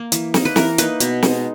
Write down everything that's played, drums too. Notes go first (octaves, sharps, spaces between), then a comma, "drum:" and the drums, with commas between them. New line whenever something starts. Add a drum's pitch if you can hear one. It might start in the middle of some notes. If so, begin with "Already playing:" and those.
Already playing: A#3
E3, drum: hi-hat
A#3 D#4, drum: snare
B4
E3 A#4, drum: snare
A#3 D#4 B4, drum: hi-hat
B2, drum: hi-hat
G#3 D#4, drum: snare